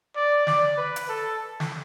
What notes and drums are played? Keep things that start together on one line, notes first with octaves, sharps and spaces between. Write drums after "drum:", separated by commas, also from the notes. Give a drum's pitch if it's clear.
D5
D5, drum: snare
B4
drum: hi-hat
A4
drum: snare